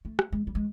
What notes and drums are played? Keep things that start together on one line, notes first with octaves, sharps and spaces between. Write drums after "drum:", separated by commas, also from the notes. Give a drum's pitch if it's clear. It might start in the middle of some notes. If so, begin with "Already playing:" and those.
A3
drum: rim click
G#3
G3
G#3